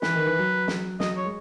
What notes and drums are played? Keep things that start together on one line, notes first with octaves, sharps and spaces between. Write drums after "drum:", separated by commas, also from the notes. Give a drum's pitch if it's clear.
E3 B4, drum: snare
D#3
E3
F#3
drum: snare
F#3 D#5, drum: snare
C#5
G#3